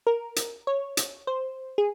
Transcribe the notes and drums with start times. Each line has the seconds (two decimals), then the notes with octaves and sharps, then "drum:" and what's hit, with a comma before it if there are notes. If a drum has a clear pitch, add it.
0.07 A#4
0.36 drum: hi-hat
0.67 C#5
0.97 drum: hi-hat
1.27 C5
1.78 G#4